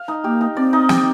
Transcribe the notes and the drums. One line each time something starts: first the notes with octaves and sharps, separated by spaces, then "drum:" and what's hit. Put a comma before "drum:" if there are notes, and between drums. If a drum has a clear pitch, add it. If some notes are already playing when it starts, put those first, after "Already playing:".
Already playing: F5
D#4
A#3 G4
D#4
C4 D5
D#4
G4, drum: snare